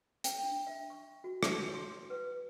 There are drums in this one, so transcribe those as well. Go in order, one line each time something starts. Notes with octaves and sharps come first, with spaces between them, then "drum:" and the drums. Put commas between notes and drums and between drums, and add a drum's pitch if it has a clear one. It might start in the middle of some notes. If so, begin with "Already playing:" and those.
G5, drum: hi-hat
D4
E5
C#6
F#4
drum: rim click
C#5
C6
B4